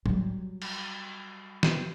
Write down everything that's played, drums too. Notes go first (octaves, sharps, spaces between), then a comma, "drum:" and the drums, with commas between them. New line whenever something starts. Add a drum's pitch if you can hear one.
F#3 G3, drum: tom G#2
drum: cymbal
drum: snare